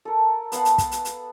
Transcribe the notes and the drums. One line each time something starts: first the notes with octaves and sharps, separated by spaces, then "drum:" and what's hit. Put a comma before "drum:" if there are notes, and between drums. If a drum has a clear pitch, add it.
A4 A#4
B3 F5 F#5 A5, drum: hi-hat
drum: hi-hat
drum: kick, hi-hat
drum: hi-hat
drum: hi-hat